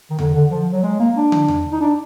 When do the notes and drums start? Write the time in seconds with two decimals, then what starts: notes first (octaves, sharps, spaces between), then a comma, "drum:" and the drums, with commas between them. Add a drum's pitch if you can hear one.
0.10 D#3
0.19 D3, drum: tom E2
0.34 D3
0.51 F3
0.73 F#3
0.83 G#3
1.00 A#3
1.16 D4
1.32 drum: tom
1.48 drum: tom E2
1.72 D#4
1.81 D4